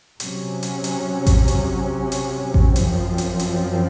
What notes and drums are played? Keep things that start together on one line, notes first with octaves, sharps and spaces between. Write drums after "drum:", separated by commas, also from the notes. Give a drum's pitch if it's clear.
C3 F#3 C#4, drum: hi-hat
drum: hi-hat
drum: hi-hat
drum: kick A1, hi-hat
drum: hi-hat
drum: hi-hat
drum: kick A1
F#2 F3 C4, drum: hi-hat
drum: hi-hat
drum: hi-hat